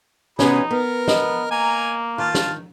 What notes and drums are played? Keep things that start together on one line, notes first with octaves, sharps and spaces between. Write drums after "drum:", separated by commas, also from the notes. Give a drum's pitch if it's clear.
C3 B3 C#4 D#4 F#4 G#4 B5, drum: snare
B3 A#4
B3 D#5, drum: snare
A#3 G#5 A#5
D#3 F4 A5 F6
drum: snare